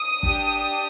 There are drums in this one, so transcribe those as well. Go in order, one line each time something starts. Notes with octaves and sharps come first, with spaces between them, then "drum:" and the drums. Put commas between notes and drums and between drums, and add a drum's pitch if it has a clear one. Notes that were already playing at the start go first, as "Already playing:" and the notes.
Already playing: D#6
D4 G4, drum: kick